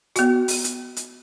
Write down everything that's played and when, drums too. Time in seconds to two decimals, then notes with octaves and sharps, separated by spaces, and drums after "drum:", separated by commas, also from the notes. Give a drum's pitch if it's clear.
0.16 B3 F#4, drum: hi-hat
0.48 drum: open hi-hat
0.64 drum: hi-hat
0.96 drum: hi-hat